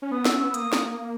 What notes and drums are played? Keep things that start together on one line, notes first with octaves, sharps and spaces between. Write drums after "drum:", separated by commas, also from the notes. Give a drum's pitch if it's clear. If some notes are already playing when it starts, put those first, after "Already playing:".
C#4
B3 D#6
E6, drum: snare
C#4
B3 E6
A#3 D#6, drum: hi-hat
drum: snare